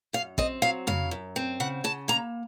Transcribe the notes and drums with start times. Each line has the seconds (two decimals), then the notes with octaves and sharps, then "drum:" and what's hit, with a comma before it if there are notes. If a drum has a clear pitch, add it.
0.13 F#2 F5
0.38 C4 D#5, drum: kick
0.62 F#3 F5
0.87 C#3 F5, drum: tom F2
1.11 F#2
1.36 C4
1.60 C#3 F#5
1.84 C#3 A5
2.08 A#3 A#5